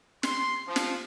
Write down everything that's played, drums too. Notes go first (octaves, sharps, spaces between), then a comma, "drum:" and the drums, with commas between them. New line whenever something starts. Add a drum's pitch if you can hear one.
C6, drum: snare
F3
drum: snare